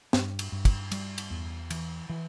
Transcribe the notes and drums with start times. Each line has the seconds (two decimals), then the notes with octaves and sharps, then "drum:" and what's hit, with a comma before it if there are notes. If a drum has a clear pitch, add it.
0.13 G2, drum: snare
0.39 drum: cymbal
0.52 G2
0.65 drum: kick, cymbal
0.92 G3, drum: cymbal
1.18 drum: cymbal
1.30 E2
1.70 E3, drum: cymbal
2.09 E3